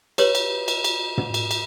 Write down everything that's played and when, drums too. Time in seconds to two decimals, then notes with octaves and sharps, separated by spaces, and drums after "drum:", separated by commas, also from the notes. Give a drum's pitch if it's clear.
0.18 G4 B4 C#5, drum: cymbal
0.35 drum: cymbal
0.68 drum: cymbal
0.84 drum: cymbal
1.18 drum: tom
1.34 drum: cymbal
1.51 drum: cymbal